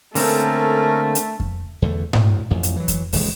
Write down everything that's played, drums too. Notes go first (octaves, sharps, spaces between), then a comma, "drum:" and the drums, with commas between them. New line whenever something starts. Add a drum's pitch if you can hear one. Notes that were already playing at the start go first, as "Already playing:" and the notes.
D3 A3 A#3 C4 C#4 A4 A#4, drum: open hi-hat
drum: hi-hat
drum: kick F2
E2 D3 G#3 A3
D2 A2, drum: tom G#2
A1 F2
drum: hi-hat
E3 F#3
drum: kick F2, hi-hat
D#1 C#2 E3 G#3, drum: open hi-hat